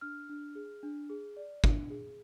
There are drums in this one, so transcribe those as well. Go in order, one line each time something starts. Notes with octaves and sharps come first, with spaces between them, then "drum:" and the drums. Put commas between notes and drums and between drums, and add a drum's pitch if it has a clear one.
D4 F6
D4
G#4
D4
G#4
D5
D4, drum: kick
G#4